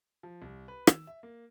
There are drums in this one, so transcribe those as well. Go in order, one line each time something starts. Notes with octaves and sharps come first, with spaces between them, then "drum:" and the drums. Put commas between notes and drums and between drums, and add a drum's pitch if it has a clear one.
F3
C2
B4
E6, drum: rim click
E5
A#3